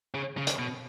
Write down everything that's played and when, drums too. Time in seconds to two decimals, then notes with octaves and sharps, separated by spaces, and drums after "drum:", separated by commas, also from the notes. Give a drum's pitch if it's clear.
0.14 C#3
0.37 C#3
0.47 drum: hi-hat
0.59 B2